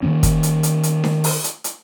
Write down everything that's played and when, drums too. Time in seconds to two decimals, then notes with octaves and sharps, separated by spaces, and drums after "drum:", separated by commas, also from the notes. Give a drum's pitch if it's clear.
0.03 D#3 F3 A#3 C#4
0.23 drum: kick, hi-hat
0.43 drum: hi-hat
0.63 drum: hi-hat
0.83 drum: hi-hat
1.04 drum: snare D4
1.24 drum: open hi-hat
1.44 drum: hi-hat
1.64 drum: hi-hat